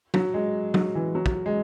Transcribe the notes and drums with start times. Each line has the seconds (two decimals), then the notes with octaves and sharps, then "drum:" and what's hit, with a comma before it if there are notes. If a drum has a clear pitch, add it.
0.14 F#3, drum: tom
0.34 G#3
0.74 F#3, drum: tom
0.95 E3
1.15 F#3
1.26 drum: kick
1.46 G#3